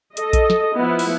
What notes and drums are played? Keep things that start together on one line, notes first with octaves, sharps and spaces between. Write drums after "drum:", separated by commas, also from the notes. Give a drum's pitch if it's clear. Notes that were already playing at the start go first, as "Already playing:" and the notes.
A4 D#5, drum: hi-hat
drum: kick A#1, hi-hat
drum: snare
F3 B3 E4
drum: open hi-hat